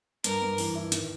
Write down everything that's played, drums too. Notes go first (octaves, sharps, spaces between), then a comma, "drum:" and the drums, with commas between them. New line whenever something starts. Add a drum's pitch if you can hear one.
G2 A#4, drum: hi-hat
G2
E3, drum: open hi-hat
E4
D#3, drum: hi-hat